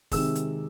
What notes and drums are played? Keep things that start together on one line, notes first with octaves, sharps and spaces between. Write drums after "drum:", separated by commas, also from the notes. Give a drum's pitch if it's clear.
C3 D#3 G#3 E6, drum: kick, open hi-hat
drum: hi-hat